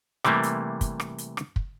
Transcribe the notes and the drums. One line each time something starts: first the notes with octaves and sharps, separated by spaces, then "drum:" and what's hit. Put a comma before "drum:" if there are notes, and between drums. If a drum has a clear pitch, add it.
C3 E3 G3 A3 A#3, drum: rim click
drum: hi-hat
drum: kick, hi-hat
drum: rim click
drum: hi-hat
drum: rim click
drum: kick